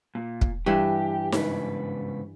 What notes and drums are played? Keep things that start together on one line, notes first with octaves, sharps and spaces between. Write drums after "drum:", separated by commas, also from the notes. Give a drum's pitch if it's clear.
A#2
drum: kick
G2 E3 D4 G4
G#2 C#3 B4, drum: snare D#4